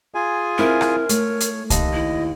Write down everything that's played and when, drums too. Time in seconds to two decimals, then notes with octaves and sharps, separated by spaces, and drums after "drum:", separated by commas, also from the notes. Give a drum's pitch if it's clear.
0.14 F4 G#4 G#5
0.58 C4 E4 A#4
0.81 drum: rim click
1.09 A3 C#5, drum: hi-hat
1.40 drum: hi-hat
1.70 D#2 D#5 A5, drum: kick C2, hi-hat
1.93 E4